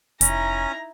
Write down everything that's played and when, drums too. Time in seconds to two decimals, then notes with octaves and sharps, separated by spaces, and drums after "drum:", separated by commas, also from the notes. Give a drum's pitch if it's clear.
0.21 F1 C#4 D#4 E4 A#5, drum: hi-hat